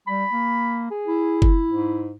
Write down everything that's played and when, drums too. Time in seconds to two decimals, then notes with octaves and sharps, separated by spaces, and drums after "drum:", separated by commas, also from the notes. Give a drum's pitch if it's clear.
0.08 G3 B5
0.32 A#3
0.91 G#4
1.08 E4
1.42 drum: kick F#1
1.67 G#2